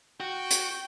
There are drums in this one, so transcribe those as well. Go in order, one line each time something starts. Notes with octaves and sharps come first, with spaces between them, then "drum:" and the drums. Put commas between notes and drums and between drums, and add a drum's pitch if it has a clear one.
F#4 G5
drum: hi-hat